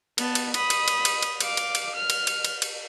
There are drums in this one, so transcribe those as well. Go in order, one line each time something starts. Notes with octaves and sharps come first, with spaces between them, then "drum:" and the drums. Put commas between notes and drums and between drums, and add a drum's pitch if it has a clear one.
B3 A5, drum: cymbal
drum: cymbal
B5 D#6, drum: cymbal
drum: cymbal
drum: cymbal
drum: cymbal
drum: cymbal
F5 D6, drum: cymbal
drum: cymbal
drum: cymbal
F6
drum: cymbal
drum: cymbal
drum: cymbal
drum: cymbal